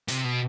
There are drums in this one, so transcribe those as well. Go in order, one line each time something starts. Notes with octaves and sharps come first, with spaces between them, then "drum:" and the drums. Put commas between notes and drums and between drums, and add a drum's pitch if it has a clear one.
C3, drum: hi-hat
B2